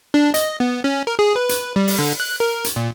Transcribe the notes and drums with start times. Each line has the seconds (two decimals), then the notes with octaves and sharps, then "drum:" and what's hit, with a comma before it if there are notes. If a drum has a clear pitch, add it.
0.14 D4
0.34 D#5, drum: hi-hat
0.60 B3
0.84 C#4
1.07 A#4
1.19 G#4
1.36 B4
1.49 drum: hi-hat
1.76 G3
1.88 drum: open hi-hat
1.99 D3
2.20 F#6
2.40 A#4
2.64 drum: hi-hat
2.76 A#2